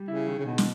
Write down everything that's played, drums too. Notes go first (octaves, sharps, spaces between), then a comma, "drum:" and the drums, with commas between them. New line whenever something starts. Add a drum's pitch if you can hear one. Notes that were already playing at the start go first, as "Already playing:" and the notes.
Already playing: G3
C#3 E4
D#3
C#3
B2 D#3
drum: snare